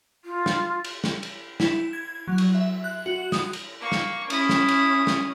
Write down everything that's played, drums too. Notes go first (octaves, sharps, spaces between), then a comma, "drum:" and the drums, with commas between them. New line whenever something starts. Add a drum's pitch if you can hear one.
F4
drum: snare
drum: cymbal
drum: snare
drum: cymbal
E4, drum: snare
G#6
F#3
drum: cymbal
E5
F#6
F#4
D#6, drum: snare
drum: cymbal
A#3 C#6
drum: snare
C#4 E4 D#6, drum: cymbal
drum: snare
drum: cymbal
drum: snare